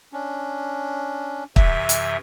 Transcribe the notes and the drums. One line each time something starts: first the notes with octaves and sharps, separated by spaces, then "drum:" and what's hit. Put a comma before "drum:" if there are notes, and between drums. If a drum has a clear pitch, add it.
C#4 D4
F#2 C3 E3 E5, drum: kick
drum: hi-hat